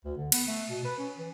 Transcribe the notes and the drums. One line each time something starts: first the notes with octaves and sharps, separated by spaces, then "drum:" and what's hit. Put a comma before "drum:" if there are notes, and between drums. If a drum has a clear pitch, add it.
D2
D3
B3, drum: cymbal
A3
B2
B4
C#4
E3